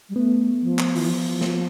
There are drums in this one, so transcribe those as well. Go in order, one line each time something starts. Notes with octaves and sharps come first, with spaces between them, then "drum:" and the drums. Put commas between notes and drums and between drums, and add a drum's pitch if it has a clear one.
G3
A3 B3
F3
drum: clap
E3, drum: open hi-hat
F3
drum: snare